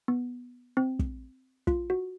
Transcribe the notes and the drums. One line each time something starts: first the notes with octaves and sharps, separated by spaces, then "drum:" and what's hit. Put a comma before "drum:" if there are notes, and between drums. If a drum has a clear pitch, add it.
B3
C4
drum: kick
F4, drum: kick
F#4